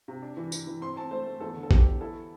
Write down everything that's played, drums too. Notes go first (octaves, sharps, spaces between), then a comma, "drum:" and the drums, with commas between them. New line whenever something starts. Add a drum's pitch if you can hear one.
C3
D4
E3
E3, drum: tambourine
E3
C4 C6
C4 A5
A3 C5
A3
E2 A4
D3
A4
E2 G4, drum: kick
E2
E4 A4